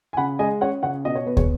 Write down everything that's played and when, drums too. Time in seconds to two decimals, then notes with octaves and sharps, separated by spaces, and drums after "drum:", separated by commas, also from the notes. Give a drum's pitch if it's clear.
0.13 G#5
0.17 C#3 F#5 B5
0.39 G#3 D#5 G#5
0.61 C#4 C#5 F#5
0.83 C#3 C#5 F#5
1.05 B2 D#5
1.16 C#5
1.27 B3 B4
1.37 G#4 C#5, drum: kick